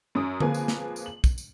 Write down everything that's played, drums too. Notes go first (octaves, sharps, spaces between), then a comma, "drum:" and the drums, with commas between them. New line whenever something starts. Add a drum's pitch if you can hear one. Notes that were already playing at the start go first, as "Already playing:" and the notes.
F#2 D#6 D7
F3 A#3 C4 G#4 B4 G#5, drum: tom D3
drum: tambourine
drum: snare
drum: tambourine
F#7
drum: kick, tambourine
drum: tambourine